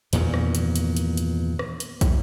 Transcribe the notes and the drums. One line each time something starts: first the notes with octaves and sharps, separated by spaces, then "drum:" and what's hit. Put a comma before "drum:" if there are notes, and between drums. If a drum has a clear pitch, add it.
E2 G2 A#2 D#3, drum: hi-hat
drum: rim click
drum: hi-hat
drum: hi-hat
drum: hi-hat
drum: hi-hat
drum: rim click
drum: hi-hat
drum: kick, hi-hat